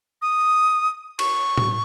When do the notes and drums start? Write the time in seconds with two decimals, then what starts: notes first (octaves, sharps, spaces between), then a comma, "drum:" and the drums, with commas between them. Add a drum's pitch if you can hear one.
0.22 D#6
1.19 C#6, drum: cymbal
1.57 drum: tom A2